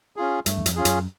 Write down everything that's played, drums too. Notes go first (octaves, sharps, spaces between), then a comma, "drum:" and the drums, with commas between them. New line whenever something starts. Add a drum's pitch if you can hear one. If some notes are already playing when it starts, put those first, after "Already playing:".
C#4 F4 G#4
G2 A3, drum: hi-hat
E2
F2, drum: hi-hat
C#4 F4 G#4
F#2, drum: hi-hat